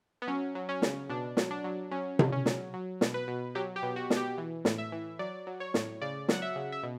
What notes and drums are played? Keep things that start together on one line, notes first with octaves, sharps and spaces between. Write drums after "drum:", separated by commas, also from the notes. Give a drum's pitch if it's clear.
B3
F#3 C#4
F#3
C#4
C#3, drum: snare
B2 D4
F#3, drum: snare
D4
F#3
F#3 C#4
C#3, drum: tom C3
C#4
F#3, drum: snare
F#3
B2, drum: snare
B4
B2
F#3 G4
G4
B2
F#4
B2, drum: snare
G4
E3
A2, drum: snare
E5
E3
F#3 D5
F#3
C#5
A2, drum: snare
C#3 D5
F#3 F#5, drum: snare
E5
C#3
E5
B2